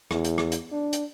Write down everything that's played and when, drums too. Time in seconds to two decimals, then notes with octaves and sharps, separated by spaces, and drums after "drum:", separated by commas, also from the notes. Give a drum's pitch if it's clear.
0.11 E2, drum: rim click
0.24 drum: hi-hat
0.38 drum: rim click
0.52 drum: hi-hat
0.72 D4
0.93 drum: hi-hat